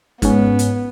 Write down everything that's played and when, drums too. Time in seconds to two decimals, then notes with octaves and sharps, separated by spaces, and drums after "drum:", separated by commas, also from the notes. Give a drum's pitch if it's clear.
0.22 G#2 B3 C#4, drum: kick, hi-hat
0.59 drum: hi-hat